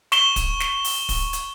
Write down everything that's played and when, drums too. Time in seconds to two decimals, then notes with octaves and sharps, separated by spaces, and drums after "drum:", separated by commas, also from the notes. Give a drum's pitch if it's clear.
0.12 C#6 E7 G7, drum: snare
0.36 drum: kick, hi-hat
0.60 drum: snare
0.85 drum: open hi-hat
1.09 drum: kick, open hi-hat
1.33 drum: hi-hat